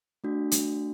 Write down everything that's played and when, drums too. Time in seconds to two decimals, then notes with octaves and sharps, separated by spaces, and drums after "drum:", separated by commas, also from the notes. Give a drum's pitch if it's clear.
0.24 A3 D4 F#4
0.52 drum: hi-hat